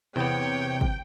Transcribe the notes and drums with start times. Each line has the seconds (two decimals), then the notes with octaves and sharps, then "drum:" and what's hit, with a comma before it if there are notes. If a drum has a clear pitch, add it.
0.16 E2 C3 B3 C#5 G5
0.81 drum: kick